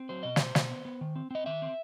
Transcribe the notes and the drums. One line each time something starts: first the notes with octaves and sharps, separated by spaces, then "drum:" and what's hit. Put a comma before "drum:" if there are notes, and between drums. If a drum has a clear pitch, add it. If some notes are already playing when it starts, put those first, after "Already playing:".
Already playing: C4
F#3 C5
B2 D#5
B2 C5, drum: snare
B2, drum: snare
B3
B3
D#3
C4
C4 D#5
D#3 E5
C4